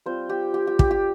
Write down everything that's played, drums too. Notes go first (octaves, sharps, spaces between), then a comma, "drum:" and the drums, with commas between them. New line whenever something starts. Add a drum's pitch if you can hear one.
G3 C4 F4 C5
G4
G4
G4
G4, drum: kick
G4